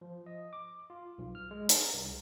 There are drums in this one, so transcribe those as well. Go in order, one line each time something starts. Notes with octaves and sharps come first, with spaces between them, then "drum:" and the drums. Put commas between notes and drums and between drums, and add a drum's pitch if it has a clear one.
F3
D#5
D6
F4
B1
F6
G#3
A#5, drum: hi-hat
C2